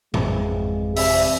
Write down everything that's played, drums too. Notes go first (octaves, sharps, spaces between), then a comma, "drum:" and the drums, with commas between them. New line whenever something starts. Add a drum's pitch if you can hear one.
G#1 F2 E3 G#3, drum: tom G#2
C3 E5, drum: open hi-hat